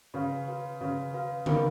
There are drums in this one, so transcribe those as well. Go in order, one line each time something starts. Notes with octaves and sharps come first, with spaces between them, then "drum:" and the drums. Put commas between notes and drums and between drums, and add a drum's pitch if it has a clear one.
C#3 F#4 B4 F5
F#4 B4 F5
C#3 F#4 B4 F5
F#4 B4 F5
D#3 F#4 A#4 F5 B5, drum: tom C#3